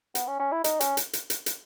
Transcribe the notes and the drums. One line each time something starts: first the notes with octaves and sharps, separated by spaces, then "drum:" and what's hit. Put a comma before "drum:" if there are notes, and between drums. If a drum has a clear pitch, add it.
B3, drum: hi-hat
C#4
C#4
E4
D#4, drum: hi-hat
C#4, drum: hi-hat
drum: hi-hat
drum: hi-hat
drum: hi-hat
drum: hi-hat